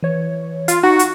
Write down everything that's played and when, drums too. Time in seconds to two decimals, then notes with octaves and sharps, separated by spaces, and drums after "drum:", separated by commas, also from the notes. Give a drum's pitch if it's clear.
0.03 E3 C#5
0.68 F4, drum: hi-hat
0.83 D#4 F#4
0.99 drum: hi-hat